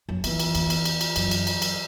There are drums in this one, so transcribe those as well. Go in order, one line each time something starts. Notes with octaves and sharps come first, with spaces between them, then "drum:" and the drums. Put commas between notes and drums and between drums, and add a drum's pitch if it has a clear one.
F#2
E2 E3, drum: cymbal
drum: cymbal
E2, drum: cymbal
drum: cymbal
drum: cymbal
drum: cymbal
F#2 E3, drum: cymbal
drum: cymbal
F#3, drum: cymbal
drum: cymbal